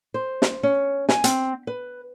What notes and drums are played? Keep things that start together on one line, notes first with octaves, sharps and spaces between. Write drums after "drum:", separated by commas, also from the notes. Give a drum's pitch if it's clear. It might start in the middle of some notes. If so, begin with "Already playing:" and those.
C5
drum: snare
C#4
G#5, drum: snare
C4, drum: hi-hat
B4